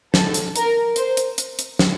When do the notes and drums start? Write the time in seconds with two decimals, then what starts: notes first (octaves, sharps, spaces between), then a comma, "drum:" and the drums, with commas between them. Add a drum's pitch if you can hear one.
0.14 A4, drum: snare
0.34 drum: hi-hat
0.56 A#4, drum: hi-hat
0.96 C5, drum: hi-hat
1.17 drum: hi-hat
1.38 drum: hi-hat
1.59 drum: hi-hat
1.79 drum: snare